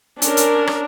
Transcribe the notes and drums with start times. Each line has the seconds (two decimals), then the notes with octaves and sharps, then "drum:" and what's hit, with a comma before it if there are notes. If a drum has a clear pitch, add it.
0.22 C#4 D4 A#4, drum: hi-hat
0.37 drum: hi-hat
0.67 drum: rim click